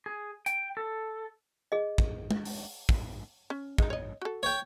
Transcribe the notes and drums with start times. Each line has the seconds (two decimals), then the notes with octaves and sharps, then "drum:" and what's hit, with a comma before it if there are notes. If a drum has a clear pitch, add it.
0.06 G#4
0.46 G5, drum: hi-hat
0.77 A4
1.72 G#4 D#5
1.98 drum: kick
2.31 drum: tom
2.45 drum: open hi-hat
2.89 drum: kick
3.50 C#4
3.78 G#3 D#4, drum: kick
3.90 C#5 D#5
4.22 F#4 A4
4.43 C#5 G5